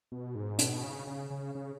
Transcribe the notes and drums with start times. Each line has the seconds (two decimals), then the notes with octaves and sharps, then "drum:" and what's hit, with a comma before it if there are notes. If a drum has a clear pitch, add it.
0.12 B2
0.35 G#2
0.59 B2, drum: hi-hat
0.83 C#3
1.07 C#3
1.30 C#3
1.55 C#3